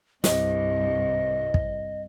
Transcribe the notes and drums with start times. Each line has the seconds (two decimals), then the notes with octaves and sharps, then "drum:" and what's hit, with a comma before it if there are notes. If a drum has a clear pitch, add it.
0.24 C2 G2 D#5, drum: snare
1.54 drum: kick